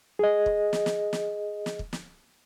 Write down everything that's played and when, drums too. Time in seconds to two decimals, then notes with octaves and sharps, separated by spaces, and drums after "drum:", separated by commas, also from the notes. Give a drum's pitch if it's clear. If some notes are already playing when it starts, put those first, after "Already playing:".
0.19 G#4 D#5
0.46 drum: kick
0.73 drum: snare
0.86 drum: snare
1.13 drum: snare
1.66 drum: snare
1.79 drum: kick
1.93 drum: snare